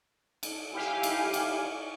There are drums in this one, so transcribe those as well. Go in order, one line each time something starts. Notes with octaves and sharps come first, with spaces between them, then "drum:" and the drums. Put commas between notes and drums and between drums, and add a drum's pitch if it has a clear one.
drum: cymbal
E4 G4 F5 G#5
drum: cymbal
drum: cymbal